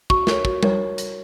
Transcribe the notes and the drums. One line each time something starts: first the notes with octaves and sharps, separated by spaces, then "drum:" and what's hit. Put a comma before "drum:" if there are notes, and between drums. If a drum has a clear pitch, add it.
F#4 C#6, drum: kick
A#4 C#5, drum: snare
F#4, drum: kick
A#4 C#5, drum: tom G3
drum: hi-hat